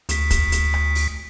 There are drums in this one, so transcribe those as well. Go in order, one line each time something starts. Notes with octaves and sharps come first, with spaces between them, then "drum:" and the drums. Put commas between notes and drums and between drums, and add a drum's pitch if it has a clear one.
D2 B6, drum: hi-hat
drum: kick, hi-hat
drum: hi-hat
drum: rim click
drum: open hi-hat